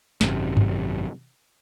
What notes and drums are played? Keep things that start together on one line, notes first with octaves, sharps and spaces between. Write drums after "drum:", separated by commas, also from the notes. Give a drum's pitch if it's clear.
G#1 F#2 C3, drum: snare
drum: tom G2